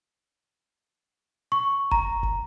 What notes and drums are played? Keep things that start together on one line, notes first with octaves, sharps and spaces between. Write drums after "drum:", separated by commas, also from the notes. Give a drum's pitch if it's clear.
C#6
A#5, drum: kick F#1
drum: kick F#1